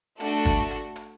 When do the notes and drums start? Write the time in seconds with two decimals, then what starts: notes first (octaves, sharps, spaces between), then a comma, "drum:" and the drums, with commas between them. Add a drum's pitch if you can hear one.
0.20 A3 D4 F#4 A4, drum: hi-hat
0.45 drum: kick, hi-hat
0.71 drum: hi-hat
0.96 drum: hi-hat